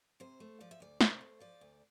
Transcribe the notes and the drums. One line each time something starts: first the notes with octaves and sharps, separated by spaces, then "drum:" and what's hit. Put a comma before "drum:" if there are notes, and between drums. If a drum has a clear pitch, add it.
C3 C5
A3
F3 D5
E5
D2 D5
C3 C5, drum: snare
A3
F3 D5
D2